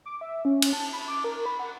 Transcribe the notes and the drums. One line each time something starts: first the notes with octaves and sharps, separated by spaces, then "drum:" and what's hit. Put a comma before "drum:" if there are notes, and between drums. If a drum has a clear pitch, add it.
D6
E5
C#4
drum: cymbal
A5
B5
D6
A#4
B5
F#5